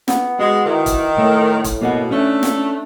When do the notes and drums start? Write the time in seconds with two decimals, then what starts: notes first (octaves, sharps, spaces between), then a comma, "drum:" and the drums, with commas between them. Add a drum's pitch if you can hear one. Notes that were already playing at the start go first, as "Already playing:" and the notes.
0.08 B3, drum: snare
0.39 G#3 F#4
0.66 D#3 E3
0.86 drum: kick, hi-hat
1.18 A2 A3
1.64 drum: kick, hi-hat
1.81 B2 A#3 B3 F#4
2.11 A3 C#4 D4
2.43 drum: snare